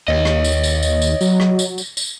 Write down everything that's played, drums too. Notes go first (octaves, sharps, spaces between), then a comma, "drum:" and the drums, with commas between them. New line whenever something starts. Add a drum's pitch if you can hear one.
D#2 C#5 D#5
drum: rim click
drum: tambourine
drum: tambourine
drum: tambourine
drum: tambourine
F#3, drum: tambourine
drum: rim click
drum: tambourine
drum: tambourine
drum: tambourine